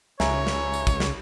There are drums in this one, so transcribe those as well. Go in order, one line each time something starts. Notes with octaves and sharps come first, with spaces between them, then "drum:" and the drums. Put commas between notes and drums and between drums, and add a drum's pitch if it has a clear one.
C#2 C#5 E5 G#5 A#5, drum: snare
drum: snare
drum: tambourine
drum: kick, tambourine
drum: snare